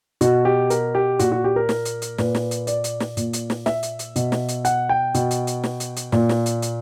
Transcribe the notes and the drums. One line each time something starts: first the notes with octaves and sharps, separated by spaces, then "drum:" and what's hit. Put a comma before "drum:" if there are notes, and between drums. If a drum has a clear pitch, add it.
B2 F#4, drum: hi-hat
G4
A#4, drum: hi-hat
G4
A#2 F#4, drum: hi-hat
F#4
G4
A#4
drum: snare
drum: hi-hat
drum: hi-hat
A#2 B4, drum: snare
drum: snare
drum: hi-hat
D5, drum: hi-hat
drum: hi-hat
drum: snare
A#2, drum: hi-hat
drum: hi-hat
drum: snare
E5, drum: snare
drum: hi-hat
drum: hi-hat
B2, drum: hi-hat
drum: snare
drum: hi-hat
F#5, drum: hi-hat
G5
B2, drum: hi-hat
drum: hi-hat
drum: hi-hat
drum: snare
drum: hi-hat
drum: hi-hat
A#2, drum: snare
drum: snare
drum: hi-hat
drum: hi-hat